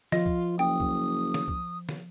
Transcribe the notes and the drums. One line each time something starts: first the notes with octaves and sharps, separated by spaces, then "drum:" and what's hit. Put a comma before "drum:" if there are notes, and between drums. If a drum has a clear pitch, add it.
F3 F4 D#5, drum: snare
drum: kick C2
F#1 G5 D#6
drum: kick C2
drum: snare
drum: kick C2
drum: snare